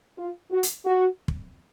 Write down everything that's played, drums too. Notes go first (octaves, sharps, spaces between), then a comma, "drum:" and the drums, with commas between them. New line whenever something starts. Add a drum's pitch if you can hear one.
F4
F#4
drum: hi-hat
F#4
drum: kick